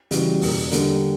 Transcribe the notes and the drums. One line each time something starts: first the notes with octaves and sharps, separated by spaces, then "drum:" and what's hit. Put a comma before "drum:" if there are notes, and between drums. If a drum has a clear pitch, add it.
C#3 E3 G3 C#4 F#4, drum: hi-hat
E2 B2 A#3, drum: open hi-hat
D3 G3 A#3, drum: hi-hat